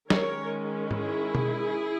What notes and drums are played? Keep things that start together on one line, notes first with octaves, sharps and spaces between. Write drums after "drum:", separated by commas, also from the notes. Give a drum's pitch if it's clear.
D#3 G#3 C#4 A#4 C#5, drum: snare
E4 G#4, drum: tom G#2
drum: tom B2